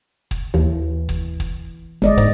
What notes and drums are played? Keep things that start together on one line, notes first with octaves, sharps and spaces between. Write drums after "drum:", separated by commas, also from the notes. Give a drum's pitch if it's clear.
drum: kick
D#2 E3
drum: kick
drum: kick
G1 G#3 D5 D#5
G#2, drum: kick